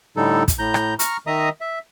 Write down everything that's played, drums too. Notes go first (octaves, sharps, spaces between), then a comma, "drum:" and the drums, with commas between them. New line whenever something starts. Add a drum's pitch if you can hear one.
A2 D3 G3 D#4 A4
drum: kick, hi-hat
A2 A#5 G6
drum: rim click
A#5 C#6 F6, drum: hi-hat
D#3 D#5 E5 A#5 D#6
E5